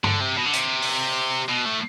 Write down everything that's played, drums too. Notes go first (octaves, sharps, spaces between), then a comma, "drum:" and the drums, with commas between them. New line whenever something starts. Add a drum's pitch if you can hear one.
D3, drum: tom G2
C3
B2
D3
C3, drum: hi-hat
drum: open hi-hat
B2
A2